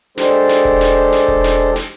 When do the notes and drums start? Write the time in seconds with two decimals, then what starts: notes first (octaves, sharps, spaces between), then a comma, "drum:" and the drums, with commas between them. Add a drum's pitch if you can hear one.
0.17 G#3 D4 G4 A4 C5, drum: snare
0.49 drum: snare
0.65 drum: kick E1
0.81 drum: snare
1.12 drum: snare
1.28 drum: kick E1
1.44 drum: snare
1.76 drum: snare